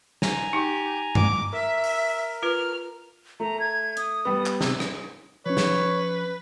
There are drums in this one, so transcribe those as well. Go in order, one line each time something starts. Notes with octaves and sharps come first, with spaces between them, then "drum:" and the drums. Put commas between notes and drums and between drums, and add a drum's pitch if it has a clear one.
G#5 A#5, drum: snare
D#4 G4
D6, drum: tom G2
A#4 E5
drum: open hi-hat
F4 B4 F6
A3 A#5
G#6
D#6, drum: hi-hat
G3 B3
drum: clap
C3, drum: snare
drum: rim click
F3 C#4 B4 C#5
drum: snare